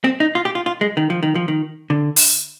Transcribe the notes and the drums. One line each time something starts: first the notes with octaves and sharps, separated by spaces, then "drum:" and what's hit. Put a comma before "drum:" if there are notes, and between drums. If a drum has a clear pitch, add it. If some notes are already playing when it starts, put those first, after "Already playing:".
C4
D#4
F4
G4
F4
F4
G#3
D#3
F3
D#3
F3
D#3
D3
drum: open hi-hat